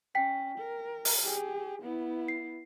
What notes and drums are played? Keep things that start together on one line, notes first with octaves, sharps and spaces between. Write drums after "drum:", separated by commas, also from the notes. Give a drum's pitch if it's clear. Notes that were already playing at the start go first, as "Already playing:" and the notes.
C#4 G5 B6
A#4
drum: open hi-hat
G4 G#4
B3 E4
C7